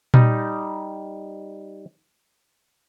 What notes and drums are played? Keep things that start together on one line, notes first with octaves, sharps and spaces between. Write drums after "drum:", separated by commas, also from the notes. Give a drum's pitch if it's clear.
G3 D#4, drum: tom A#2